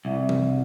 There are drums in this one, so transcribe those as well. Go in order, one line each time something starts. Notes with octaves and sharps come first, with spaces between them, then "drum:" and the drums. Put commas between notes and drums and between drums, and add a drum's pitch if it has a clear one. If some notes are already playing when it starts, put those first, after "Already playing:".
C2
drum: tom